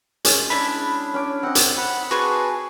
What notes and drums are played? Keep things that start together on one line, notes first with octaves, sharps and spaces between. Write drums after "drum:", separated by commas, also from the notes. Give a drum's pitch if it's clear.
G#3 C#4 G#4, drum: hi-hat
D4 E4 B5
C#4 G5 D6
C4 D#5 F#5
drum: hi-hat
F#5 B5
F#4 G#4 B4 A5 C6